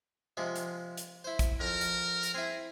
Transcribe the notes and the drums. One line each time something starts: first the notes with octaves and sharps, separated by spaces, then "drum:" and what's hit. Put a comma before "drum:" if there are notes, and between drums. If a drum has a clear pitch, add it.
C3 F3 G#3
drum: hi-hat
drum: hi-hat
E4 C5
drum: kick, hi-hat
F2 A#4
drum: hi-hat
drum: hi-hat
C4 E4 G#4